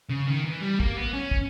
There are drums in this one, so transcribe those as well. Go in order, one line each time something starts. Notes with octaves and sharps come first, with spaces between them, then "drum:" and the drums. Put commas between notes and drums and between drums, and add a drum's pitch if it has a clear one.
C#3
D#3
E3
G3
A#3, drum: kick
B3
C#4
drum: kick